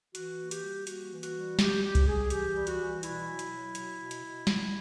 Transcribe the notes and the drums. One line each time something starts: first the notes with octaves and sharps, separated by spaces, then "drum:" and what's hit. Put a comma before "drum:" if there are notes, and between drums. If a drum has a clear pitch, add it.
E3 F#4, drum: hi-hat
A#3
G4, drum: hi-hat
G3
A#3 F#4, drum: hi-hat
E3
F#4, drum: hi-hat
G3
G3 G4, drum: snare
G3 G4
drum: kick C2, hi-hat
G3 G#4
E3 G4, drum: hi-hat
G3
F#4, drum: hi-hat
E3
B2 E4, drum: hi-hat
F#3
drum: hi-hat
F#3
B2, drum: hi-hat
B2
drum: hi-hat
B2
B2, drum: snare